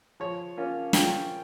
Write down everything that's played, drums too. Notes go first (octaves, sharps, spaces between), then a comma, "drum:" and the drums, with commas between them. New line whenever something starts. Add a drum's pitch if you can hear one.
F3 C#5
A#3 C#4 F4
F3 G5, drum: snare